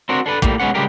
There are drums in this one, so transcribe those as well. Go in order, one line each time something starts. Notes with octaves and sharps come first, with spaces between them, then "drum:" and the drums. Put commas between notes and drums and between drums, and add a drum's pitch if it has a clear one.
C4 D4 F#4 A#4
D4 A4 B4
A2 G3 A#3, drum: kick
B2 G#3 B3 C#4 F#5
C#3 G3 G#3 D4 G4 A#4